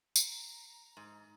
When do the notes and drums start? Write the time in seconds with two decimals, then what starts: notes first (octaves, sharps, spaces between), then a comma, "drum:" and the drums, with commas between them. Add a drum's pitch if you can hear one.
0.16 A#5, drum: tambourine
0.97 G#2